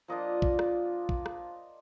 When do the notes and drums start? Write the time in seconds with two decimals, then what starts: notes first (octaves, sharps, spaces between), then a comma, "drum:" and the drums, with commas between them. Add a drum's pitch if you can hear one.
0.08 F3 A#3 D4 F4 D#5
0.42 drum: kick
0.59 drum: rim click
1.09 drum: kick
1.26 drum: rim click